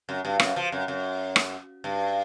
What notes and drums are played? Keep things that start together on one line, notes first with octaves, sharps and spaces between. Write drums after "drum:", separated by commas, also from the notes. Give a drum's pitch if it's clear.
F#2
G2
F#2, drum: rim click
F3
F#2
F#2
drum: rim click
G2